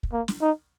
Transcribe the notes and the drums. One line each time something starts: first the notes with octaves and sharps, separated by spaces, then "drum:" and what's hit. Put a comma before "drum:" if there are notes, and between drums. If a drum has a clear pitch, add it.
drum: kick
A#3
drum: snare
D#4